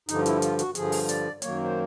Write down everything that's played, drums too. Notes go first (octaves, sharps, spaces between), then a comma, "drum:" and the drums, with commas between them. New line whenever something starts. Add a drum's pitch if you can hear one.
G2 D3 F3 D#4, drum: hi-hat
E4, drum: hi-hat
F4, drum: hi-hat
F#4, drum: hi-hat
G2 D3 F3 G#4, drum: hi-hat
drum: open hi-hat
D5, drum: hi-hat
F#2 D#3 F#3 A#3 C#5, drum: hi-hat
C5